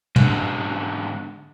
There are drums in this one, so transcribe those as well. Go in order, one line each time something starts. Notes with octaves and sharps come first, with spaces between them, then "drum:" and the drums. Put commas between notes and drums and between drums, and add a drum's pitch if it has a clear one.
G#2 D3, drum: tom